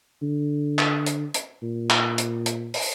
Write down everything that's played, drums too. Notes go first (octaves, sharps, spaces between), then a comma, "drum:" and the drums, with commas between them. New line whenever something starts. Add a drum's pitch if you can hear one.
D3
drum: clap
drum: hi-hat
drum: hi-hat
A#2
drum: clap
drum: hi-hat
drum: hi-hat
drum: open hi-hat